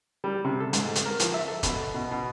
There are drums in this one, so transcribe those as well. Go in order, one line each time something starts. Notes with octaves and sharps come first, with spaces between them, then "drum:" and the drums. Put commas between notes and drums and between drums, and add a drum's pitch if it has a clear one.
G3
C3
A4
G#2, drum: hi-hat
drum: hi-hat
A#4
F3, drum: hi-hat
E5
A4
B2, drum: kick, hi-hat
B2
B2